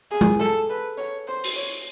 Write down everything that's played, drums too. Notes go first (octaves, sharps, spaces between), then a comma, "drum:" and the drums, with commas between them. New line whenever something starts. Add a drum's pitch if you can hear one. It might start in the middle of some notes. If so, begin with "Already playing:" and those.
G#4
drum: tom G#3
A4
B4
C#5
C5
drum: open hi-hat
C#5